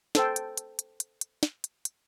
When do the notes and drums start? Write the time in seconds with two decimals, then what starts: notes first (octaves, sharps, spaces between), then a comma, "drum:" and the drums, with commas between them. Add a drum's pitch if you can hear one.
0.15 A4 C5 G5, drum: snare
0.36 drum: hi-hat
0.57 drum: hi-hat
0.79 drum: hi-hat
1.00 drum: hi-hat
1.21 drum: hi-hat
1.43 drum: snare
1.64 drum: hi-hat
1.85 drum: hi-hat